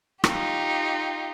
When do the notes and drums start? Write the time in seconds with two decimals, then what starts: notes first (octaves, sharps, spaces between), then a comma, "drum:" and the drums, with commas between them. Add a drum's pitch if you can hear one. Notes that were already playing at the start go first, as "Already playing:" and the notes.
0.24 D#4 F4 G4, drum: rim click